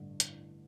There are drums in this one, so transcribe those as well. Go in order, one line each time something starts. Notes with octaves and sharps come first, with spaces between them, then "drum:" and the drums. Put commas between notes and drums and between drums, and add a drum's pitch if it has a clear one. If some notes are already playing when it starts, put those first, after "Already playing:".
Already playing: A1 G2 D3
drum: hi-hat